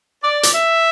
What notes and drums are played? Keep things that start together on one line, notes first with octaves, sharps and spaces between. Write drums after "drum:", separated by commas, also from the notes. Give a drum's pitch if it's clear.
D5
drum: hi-hat
E5